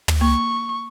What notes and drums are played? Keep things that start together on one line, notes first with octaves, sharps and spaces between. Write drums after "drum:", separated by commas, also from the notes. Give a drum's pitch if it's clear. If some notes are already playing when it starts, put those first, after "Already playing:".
drum: tom
A#3 C#6